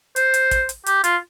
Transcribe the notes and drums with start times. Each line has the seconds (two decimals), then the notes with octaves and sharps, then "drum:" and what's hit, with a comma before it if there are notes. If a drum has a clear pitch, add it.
0.16 C5, drum: hi-hat
0.34 drum: hi-hat
0.51 drum: kick, hi-hat
0.69 drum: hi-hat
0.86 G4, drum: hi-hat
1.04 F4, drum: hi-hat